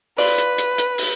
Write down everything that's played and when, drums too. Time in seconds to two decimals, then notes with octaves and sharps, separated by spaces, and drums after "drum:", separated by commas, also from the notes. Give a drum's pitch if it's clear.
0.18 F4 B4 D5, drum: open hi-hat
0.38 drum: hi-hat
0.58 drum: hi-hat
0.78 drum: hi-hat
0.98 drum: open hi-hat